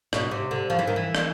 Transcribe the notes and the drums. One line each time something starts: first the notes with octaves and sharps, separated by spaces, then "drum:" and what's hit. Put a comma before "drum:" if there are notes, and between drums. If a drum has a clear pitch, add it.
B2, drum: rim click
C3
D3
F3
E3
D#3
E3
drum: rim click